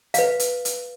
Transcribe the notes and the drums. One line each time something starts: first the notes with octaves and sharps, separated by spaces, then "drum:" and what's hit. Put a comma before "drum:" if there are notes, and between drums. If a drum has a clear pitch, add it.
B4 F5, drum: hi-hat
drum: hi-hat
drum: hi-hat